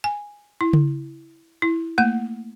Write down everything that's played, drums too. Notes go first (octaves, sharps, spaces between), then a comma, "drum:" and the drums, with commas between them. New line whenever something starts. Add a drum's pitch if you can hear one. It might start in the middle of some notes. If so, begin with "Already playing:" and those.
G#5
E4
drum: tom C#3
E4
A3 A#3 F#5